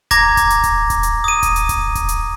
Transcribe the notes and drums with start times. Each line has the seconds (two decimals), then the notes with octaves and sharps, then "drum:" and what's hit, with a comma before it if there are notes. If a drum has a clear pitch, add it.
0.11 A#5 D6 G#6 A#6, drum: kick D#1, hi-hat
0.37 drum: kick D#1, hi-hat
0.50 drum: hi-hat
0.64 drum: kick D#1, hi-hat
0.90 drum: kick D#1, hi-hat
1.03 drum: hi-hat
1.24 D#6 D#7
1.43 drum: kick D#1, hi-hat
1.56 drum: hi-hat
1.69 drum: kick D#1, hi-hat
1.95 drum: kick D#1, hi-hat
2.09 drum: hi-hat